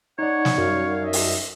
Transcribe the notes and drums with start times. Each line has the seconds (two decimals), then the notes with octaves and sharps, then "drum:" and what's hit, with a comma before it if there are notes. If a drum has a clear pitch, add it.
0.19 D#4 C#5 D5 F#5
0.45 drum: snare
0.58 F#2 G3 F5
1.04 D#5 E5
1.13 drum: open hi-hat